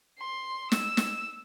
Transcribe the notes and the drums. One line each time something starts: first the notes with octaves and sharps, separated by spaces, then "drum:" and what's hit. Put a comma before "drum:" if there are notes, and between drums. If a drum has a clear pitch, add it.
C6
E6, drum: snare
drum: snare